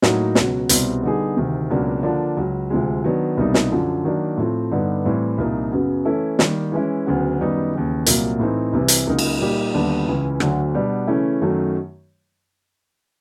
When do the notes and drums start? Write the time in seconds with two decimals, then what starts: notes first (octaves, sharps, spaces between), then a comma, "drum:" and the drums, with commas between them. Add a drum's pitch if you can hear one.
0.02 A2 F#3 A#3 D#4 F#4, drum: snare
0.35 C#2 B2 F#3, drum: snare
0.69 C2 B2 G3 C4, drum: hi-hat
1.03 D3 G3 B3 D#4 G#4
1.37 D2 C3 D#3
1.70 C#2 B2 F#3 A#3 D4
2.03 D3 F3 A#3 D4
2.37 C#2 C#3 F#3
2.70 D2 C3 F3 G#3
3.04 D#3 F#3 B3 D4
3.37 C2 B2 G3 A#3 D#4
3.54 drum: snare
3.71 F#2 D3 F3
4.04 D#3 F#3 A#3 D4
4.37 A2 F3 A3 C4
4.71 G2 D3 G3 B3 D#4
5.05 A2 E3 G3 C4
5.38 C2 A#2 F3 A#3 D#4
5.72 F#2 C#3 F#3 B3
6.05 E3 A3 C#4 E4 A4
6.39 D#3 G3 A#3, drum: snare
6.72 E3 G#3 C#4 E4
7.06 D2 C#3 F#3 B3
7.39 F#2 D#3 G3 B3 D#4
7.73 D#2 C#3 E3
8.06 C2 A#2 F#3 A#3, drum: hi-hat
8.39 A2 E3 A3 C4 D#4
8.73 C2 C3 E3
8.88 drum: hi-hat
9.07 C#2 C#3 F#3 A#3 D#4
9.19 drum: cymbal
9.40 A#2 G3 A#3 D#4 G4
9.73 D#2 D3 G3 B3 D4
10.07 C#2 C#3 E3
10.40 D2 D3 F#3 A3, drum: rim click
10.74 B2 G3 B3 D4 F#4
11.07 C#3 E3 A3 C#4 E4
11.41 F#2 D#3 F#3 A3